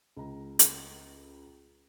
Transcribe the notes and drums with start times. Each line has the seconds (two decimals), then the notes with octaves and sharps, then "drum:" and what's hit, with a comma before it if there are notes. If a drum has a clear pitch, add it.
0.17 C#2 A#5
0.59 drum: hi-hat